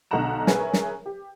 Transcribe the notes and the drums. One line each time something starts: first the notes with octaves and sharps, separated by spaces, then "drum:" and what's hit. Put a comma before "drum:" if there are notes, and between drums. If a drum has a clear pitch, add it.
B1 D3 D#5 F#5 A#5 E7
G#4 A#4 B4 C#5 E5 G#5, drum: snare
drum: snare
G4